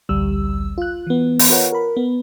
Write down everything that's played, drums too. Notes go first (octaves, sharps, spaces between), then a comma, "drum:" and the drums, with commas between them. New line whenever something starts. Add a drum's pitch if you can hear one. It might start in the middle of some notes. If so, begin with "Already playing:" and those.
A1 D2 G3 E6
F4 F#6
E3 B3
drum: open hi-hat
F4 A#4 B4 C#5 F#5
A#4 B5
B3